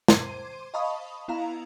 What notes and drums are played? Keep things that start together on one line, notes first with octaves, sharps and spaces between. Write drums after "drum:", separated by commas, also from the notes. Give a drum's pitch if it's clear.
C5 C6 D6 G#6 D#7, drum: snare
D#5 F5 A5 B5 C#6 D#6
B3 E4 F5 A#5